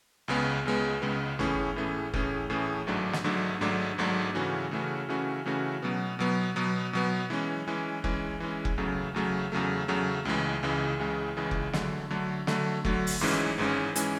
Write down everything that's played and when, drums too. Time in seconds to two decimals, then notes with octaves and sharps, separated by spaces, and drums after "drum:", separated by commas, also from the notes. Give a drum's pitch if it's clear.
0.28 C#2 C#3 G#3 B3
0.65 C#2 C#3 G#3 B3
1.02 C#2 C#3 G#3 B3
1.39 A2 E3 A3 C#4 G#4, drum: tom
1.76 A2 E3 A3 C#4 G#4
2.14 A2 E3 A3 C#4 G#4, drum: kick F1
2.50 A2 E3 A3 C#4 G#4
2.87 G#1 G#2 F#3 A3 D4
3.13 drum: snare
3.24 G#1 G#2 F#3 A3 D4
3.61 G#1 G#2 F#3 A3 D4
3.98 G#1 G#2 F#3 A3 D4
4.35 C#3 E3 A3 C#4 F#4
4.71 C#3 E3 A3 C#4 F#4
5.09 C#3 E3 A3 C#4 F#4
5.46 C#3 E3 A3 C#4 F#4
5.82 B2 F#3 B3
6.19 B2 F#3 B3
6.56 B2 F#3 B3
6.93 B2 F#3 B3
7.30 E3 G#3 C#4
7.67 E3 G#3 C#4
8.04 E3 G#3 C#4, drum: kick F1
8.40 E3 G#3 C#4
8.65 drum: kick F1
8.78 E2 C#3 F#3 A3
9.14 E2 C#3 F#3 A3
9.52 E2 C#3 F#3 A3
9.88 E2 C#3 F#3 A3
10.25 C#2 C#3 E3 G#3
10.63 C#2 C#3 E3 G#3
11.00 C#2 C#3 E3 G#3
11.36 C#2 C#3 E3 G#3
11.51 drum: kick F1
11.73 D3 F#3 A3, drum: snare
12.10 D3 F#3 A3
12.47 D3 F#3 A3, drum: snare
12.85 D3 F#3 A3, drum: kick F1
13.07 drum: open hi-hat
13.21 G#1 G#2 E3 G#3 C#4
13.58 G#1 G#2 E3 G#3 C#4
13.96 E3 G#3 C#4, drum: hi-hat